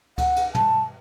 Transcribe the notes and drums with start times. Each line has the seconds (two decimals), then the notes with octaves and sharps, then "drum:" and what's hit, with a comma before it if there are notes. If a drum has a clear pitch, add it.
0.18 F#5, drum: kick C#2, cymbal
0.36 drum: cymbal
0.55 A5, drum: tom